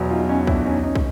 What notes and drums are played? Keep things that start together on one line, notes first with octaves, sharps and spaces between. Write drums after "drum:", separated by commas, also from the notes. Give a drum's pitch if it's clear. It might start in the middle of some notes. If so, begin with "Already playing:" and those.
Already playing: E2 B2 F#3
D#4 F4
C#4 D#4
D4 E4, drum: kick
C#4 D#4
C#4 D#4
drum: kick